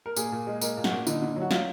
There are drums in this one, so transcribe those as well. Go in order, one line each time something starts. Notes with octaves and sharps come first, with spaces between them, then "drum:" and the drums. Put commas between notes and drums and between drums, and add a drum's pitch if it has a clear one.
A#4
A#2 G#4, drum: tambourine
A#2
G#3
G#3 A#4, drum: tambourine
A#2
F#4, drum: snare
A#2
D3 D#4, drum: tambourine
D3
F#3
F#4
F#3 F4, drum: snare